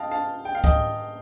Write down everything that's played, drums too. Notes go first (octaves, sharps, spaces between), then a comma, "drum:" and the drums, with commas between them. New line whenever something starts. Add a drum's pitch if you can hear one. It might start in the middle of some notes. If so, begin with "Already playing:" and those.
Already playing: D#5 F5 G5 A5
F5 A5
G5
F5
D#5 G5, drum: kick